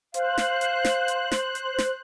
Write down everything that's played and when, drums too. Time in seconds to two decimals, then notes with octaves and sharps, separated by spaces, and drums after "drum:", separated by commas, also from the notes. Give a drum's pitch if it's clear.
0.14 C5 F5 F#6, drum: hi-hat
0.38 drum: snare
0.61 drum: hi-hat
0.85 drum: snare
1.08 drum: hi-hat
1.32 drum: snare
1.55 drum: hi-hat
1.78 drum: snare